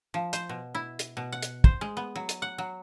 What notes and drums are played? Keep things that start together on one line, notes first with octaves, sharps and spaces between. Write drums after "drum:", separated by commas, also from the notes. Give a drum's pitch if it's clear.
F3
C5, drum: hi-hat
B2
E4
drum: hi-hat
B2
F#5
drum: hi-hat
C5, drum: kick
G#3
B3
F#3
drum: hi-hat
F#5
F#3